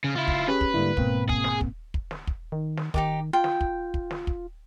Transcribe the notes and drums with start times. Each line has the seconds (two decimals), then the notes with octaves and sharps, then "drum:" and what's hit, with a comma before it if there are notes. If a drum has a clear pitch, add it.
0.04 C#3
0.15 C#3 E4 F4
0.28 drum: kick
0.48 C#4 G4 G#4 B4 C#5
0.61 drum: kick
0.74 G#2 D3 G3 A#3 E4
0.97 G#2 B2 A#3 C4, drum: kick
1.29 G#4, drum: kick
1.44 drum: snare
1.61 drum: kick
1.94 drum: kick
2.11 drum: snare
2.27 drum: kick
2.52 D#3
2.77 drum: snare
2.94 D#3 D#4 G4 D6, drum: kick
3.33 F4 G5
3.44 drum: snare
3.61 drum: kick
3.94 drum: kick
4.11 drum: snare
4.27 drum: kick